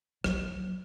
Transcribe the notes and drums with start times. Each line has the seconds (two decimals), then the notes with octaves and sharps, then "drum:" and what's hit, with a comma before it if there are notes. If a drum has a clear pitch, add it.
0.24 F3 F#3, drum: rim click